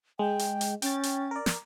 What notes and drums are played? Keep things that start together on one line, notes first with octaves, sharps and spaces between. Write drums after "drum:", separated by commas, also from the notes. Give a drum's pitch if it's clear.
G#3 G5
drum: hi-hat
drum: hi-hat
C#4 G5 A6, drum: hi-hat
drum: hi-hat
A#4 D5
drum: snare